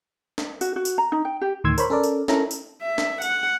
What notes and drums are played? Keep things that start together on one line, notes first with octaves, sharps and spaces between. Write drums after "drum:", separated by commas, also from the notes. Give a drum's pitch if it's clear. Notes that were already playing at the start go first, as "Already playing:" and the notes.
drum: snare
F#4, drum: tambourine
F#4
drum: tambourine
A#5
D#4
G5
G4
D2 A2 D#3 C6 E6 G#6
A#4 C5 C#5 B5, drum: tambourine
C#4 A4 A#4 D5
drum: tambourine
C#4 E4 A4 A#4 A#5, drum: snare
drum: tambourine
E5
drum: snare
F#5, drum: tambourine